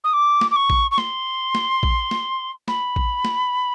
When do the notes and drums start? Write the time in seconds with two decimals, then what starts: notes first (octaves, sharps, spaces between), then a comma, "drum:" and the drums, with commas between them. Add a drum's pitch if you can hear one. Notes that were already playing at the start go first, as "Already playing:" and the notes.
0.04 D#6
0.13 D6
0.41 drum: snare
0.51 D6
0.56 C#6
0.70 drum: kick A#1
0.91 C#6
0.98 C6, drum: snare
1.55 drum: snare
1.83 drum: kick A#1
2.11 drum: snare
2.68 B5, drum: snare
2.96 drum: kick A#1
3.25 drum: snare